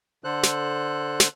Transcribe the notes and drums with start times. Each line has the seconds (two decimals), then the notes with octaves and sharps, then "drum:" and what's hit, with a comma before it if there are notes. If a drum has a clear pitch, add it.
0.24 D3 A4 C5 F#6
0.43 drum: snare
1.20 drum: snare